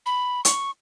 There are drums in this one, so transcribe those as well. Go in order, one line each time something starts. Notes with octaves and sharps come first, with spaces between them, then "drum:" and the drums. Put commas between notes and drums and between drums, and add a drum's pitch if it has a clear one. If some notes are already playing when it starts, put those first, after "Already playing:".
B5
C#6, drum: hi-hat